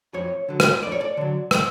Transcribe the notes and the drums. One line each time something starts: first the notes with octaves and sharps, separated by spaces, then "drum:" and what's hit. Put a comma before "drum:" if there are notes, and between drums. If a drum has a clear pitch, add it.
F2 C#5
D3 F#3
drum: rim click
F2 D5
C#5
D5
D3 F#3
drum: rim click